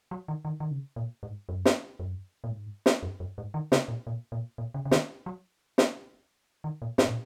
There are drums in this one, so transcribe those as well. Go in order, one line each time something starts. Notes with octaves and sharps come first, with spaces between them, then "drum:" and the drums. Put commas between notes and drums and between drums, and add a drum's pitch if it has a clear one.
F#3
D#3
D#3
D#3
C#3
A#2
G#2
F#2
drum: snare
F#2
A#2
G#2
drum: snare
F#2
F#2
G#2
D#3
C#3, drum: snare
A#2
A#2
A#2
A#2
C#3
C#3
D#3, drum: snare
F#3
drum: snare
D#3
A#2
G#2, drum: snare
A#2